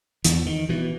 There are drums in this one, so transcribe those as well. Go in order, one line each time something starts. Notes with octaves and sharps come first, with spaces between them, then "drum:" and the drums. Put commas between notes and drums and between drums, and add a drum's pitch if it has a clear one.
E2 E3, drum: hi-hat
D#3
B2 E3